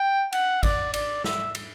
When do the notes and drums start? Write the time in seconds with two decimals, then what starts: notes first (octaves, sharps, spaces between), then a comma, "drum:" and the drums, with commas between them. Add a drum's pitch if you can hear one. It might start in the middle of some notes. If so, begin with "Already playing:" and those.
Already playing: G5
0.33 F#5, drum: cymbal
0.63 D5, drum: kick G#1, cymbal
0.94 D5, drum: cymbal
1.24 E5, drum: snare
1.55 drum: cymbal